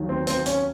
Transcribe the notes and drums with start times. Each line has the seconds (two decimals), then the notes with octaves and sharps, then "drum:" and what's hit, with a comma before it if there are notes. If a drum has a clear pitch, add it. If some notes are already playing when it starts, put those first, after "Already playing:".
Already playing: D#2 D#3 F#3
0.09 C4
0.27 C4, drum: hi-hat
0.46 C#4, drum: hi-hat